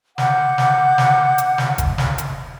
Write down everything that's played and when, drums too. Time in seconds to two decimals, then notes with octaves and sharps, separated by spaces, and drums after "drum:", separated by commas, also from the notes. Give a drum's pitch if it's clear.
0.18 F#5 D6 G6, drum: snare
0.58 drum: snare
0.98 drum: snare
1.38 drum: hi-hat
1.58 drum: snare
1.78 drum: kick, hi-hat
1.98 drum: snare
2.18 drum: hi-hat